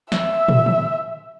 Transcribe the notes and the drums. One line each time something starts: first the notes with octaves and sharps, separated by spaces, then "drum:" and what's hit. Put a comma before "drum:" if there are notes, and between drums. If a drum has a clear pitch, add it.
E5, drum: snare
drum: tom
drum: tom